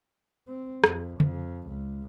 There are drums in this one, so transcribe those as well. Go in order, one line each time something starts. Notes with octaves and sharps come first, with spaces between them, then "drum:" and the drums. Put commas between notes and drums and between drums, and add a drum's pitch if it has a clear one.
C4
F2, drum: rim click
F2, drum: tom C#3
C#2